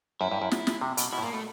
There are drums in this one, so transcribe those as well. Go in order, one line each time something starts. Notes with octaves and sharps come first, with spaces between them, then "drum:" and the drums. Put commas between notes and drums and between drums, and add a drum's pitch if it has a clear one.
F#2 E4
G2
F#2
drum: snare
drum: snare
C3
B2, drum: hi-hat
B2 E4
A2
A#2 A#3
B2 A3